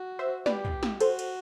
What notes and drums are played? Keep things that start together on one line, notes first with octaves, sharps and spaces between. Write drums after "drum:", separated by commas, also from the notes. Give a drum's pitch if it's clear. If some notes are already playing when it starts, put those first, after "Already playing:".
Already playing: F#4
C5 E5
G4 B4 D5, drum: snare
drum: tom
drum: snare
F#4 A4 C5, drum: cymbal
drum: cymbal